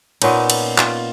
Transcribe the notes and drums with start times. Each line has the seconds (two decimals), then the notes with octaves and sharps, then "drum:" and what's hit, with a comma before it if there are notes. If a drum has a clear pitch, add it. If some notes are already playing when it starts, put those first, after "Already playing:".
0.22 A#2 B3 C#4 D#4, drum: cymbal
0.50 drum: cymbal
0.78 F4, drum: clap